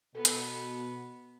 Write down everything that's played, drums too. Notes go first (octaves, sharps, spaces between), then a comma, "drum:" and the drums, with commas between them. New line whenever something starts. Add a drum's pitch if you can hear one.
B2 B3 A4
drum: hi-hat